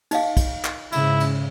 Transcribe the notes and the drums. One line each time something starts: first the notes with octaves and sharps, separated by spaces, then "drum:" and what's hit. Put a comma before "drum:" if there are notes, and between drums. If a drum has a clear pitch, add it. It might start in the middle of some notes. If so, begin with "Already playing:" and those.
D#4 D#5 F5, drum: cymbal
drum: kick, cymbal
drum: clap
G#2 C#3 E4, drum: cymbal
drum: cymbal